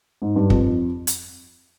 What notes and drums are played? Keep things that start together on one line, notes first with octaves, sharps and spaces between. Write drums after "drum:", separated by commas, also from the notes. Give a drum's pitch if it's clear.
G#2
G2
F2, drum: kick
drum: hi-hat